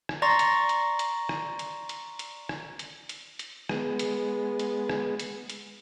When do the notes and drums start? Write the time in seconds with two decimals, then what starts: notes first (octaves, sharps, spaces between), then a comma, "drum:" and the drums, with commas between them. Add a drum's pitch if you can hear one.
0.09 drum: rim click
0.22 D5 A#5 C6 C#6 A6 A#6
0.39 drum: hi-hat
0.69 drum: hi-hat
0.99 drum: hi-hat
1.29 drum: rim click
1.59 drum: hi-hat
1.89 drum: hi-hat
2.19 drum: hi-hat
2.49 drum: rim click
2.79 drum: hi-hat
3.09 drum: hi-hat
3.39 drum: hi-hat
3.69 G#3 B3, drum: rim click
3.99 drum: hi-hat
4.59 drum: hi-hat
4.89 drum: rim click
5.20 drum: hi-hat
5.50 drum: hi-hat